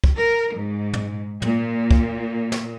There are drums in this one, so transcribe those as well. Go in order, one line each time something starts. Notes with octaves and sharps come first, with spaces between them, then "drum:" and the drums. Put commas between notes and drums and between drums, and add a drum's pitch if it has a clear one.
drum: kick
A#4
G#2
drum: tom
A#2, drum: tom
drum: kick
drum: snare